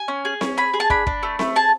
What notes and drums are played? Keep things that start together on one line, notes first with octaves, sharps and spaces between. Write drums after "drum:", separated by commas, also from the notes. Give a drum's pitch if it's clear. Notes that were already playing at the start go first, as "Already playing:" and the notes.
Already playing: G#5
C#4
G#4
C#4, drum: snare C4
G#4 B5
G#4
A5
D4 B5, drum: kick
D4, drum: kick
A3
A3, drum: snare C4
G#4 A5